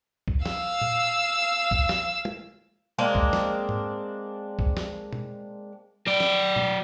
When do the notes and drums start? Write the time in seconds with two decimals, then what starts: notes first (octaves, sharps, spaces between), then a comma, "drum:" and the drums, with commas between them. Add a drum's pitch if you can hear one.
0.28 drum: kick C2
0.46 F5 E6, drum: snare
0.81 drum: tom A#2
1.71 drum: kick C2
1.89 drum: snare
2.25 drum: tom
2.99 G#3 A#3 C4 D4
3.15 drum: kick C2
3.33 drum: snare
3.69 drum: tom G#2
4.59 drum: kick C2
4.77 drum: snare
5.13 drum: tom B2
6.07 F#3 D5
6.20 drum: snare
6.56 drum: tom B2